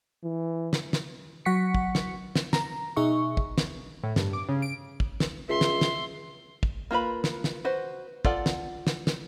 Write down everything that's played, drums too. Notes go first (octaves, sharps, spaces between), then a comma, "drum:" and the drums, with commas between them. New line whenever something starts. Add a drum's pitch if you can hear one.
E3
drum: snare
drum: snare
F#3 F#5 C#6 B6 C#7
drum: kick
drum: snare
drum: snare
A#5, drum: snare
B2 D#4 G#4 E5 C#6
drum: kick
drum: snare
A2
G2, drum: snare
D6
C#3
D7
drum: kick
drum: snare
C#2 E5 C6
drum: snare
drum: snare
drum: kick
A#3 F4 B4 B5
drum: snare
drum: snare
F#4 B4 C5
F4 A4 D5 F#5, drum: kick
drum: snare
drum: snare
drum: snare